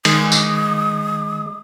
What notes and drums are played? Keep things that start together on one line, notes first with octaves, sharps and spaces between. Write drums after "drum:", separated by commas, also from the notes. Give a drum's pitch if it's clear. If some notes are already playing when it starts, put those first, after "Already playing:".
D#3 G#3 D#6, drum: cymbal
drum: tambourine